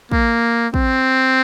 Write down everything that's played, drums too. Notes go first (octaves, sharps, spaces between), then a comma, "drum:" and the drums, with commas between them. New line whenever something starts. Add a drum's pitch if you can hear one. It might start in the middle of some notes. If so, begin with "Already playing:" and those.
A#3, drum: kick
C4, drum: kick